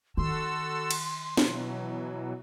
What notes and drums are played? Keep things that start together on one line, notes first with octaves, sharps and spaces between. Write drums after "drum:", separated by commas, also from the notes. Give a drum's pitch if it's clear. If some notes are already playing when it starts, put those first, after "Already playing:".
D#3 F#4 A4 C6 E6
drum: cymbal
B2 E3 F#3, drum: snare